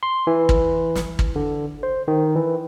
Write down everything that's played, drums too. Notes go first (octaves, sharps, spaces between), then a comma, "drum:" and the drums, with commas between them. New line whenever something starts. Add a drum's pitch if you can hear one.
C6
E3
drum: kick
drum: snare
drum: kick
D3
C5
D#3
E3